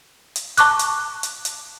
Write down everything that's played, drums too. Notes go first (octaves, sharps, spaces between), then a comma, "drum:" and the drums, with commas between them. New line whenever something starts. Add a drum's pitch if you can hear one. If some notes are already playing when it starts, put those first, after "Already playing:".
drum: hi-hat
A5 C#6 D6 F#6, drum: hi-hat
drum: hi-hat
drum: hi-hat
drum: hi-hat